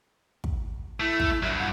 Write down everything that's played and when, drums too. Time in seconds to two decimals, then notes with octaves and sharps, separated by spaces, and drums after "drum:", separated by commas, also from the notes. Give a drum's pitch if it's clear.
0.44 drum: kick
1.00 A3 E4
1.20 drum: kick
1.43 G2 F#3 E5
1.58 F#5